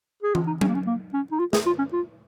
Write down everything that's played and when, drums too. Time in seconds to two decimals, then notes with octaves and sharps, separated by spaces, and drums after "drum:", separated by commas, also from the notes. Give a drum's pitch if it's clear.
0.23 G#4
0.35 F4, drum: tom E3
0.47 D#4
0.61 C#4, drum: tom F#3
0.68 A#3
0.75 C#4
0.87 A#3
1.14 C#4
1.32 D#4
1.39 F4
1.53 G#4, drum: snare
1.66 F4
1.79 C#4
1.93 F4